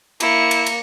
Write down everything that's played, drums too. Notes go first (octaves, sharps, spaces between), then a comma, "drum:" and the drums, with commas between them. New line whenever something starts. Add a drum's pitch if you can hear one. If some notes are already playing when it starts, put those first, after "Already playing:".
A#3 E4 C#7, drum: cymbal
drum: cymbal
drum: cymbal